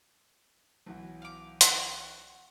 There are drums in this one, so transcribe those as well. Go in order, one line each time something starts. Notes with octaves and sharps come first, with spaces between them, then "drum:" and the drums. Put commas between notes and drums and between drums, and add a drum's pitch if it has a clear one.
B1 E3 F#4
F5 D6
F5 F#5 C#6, drum: hi-hat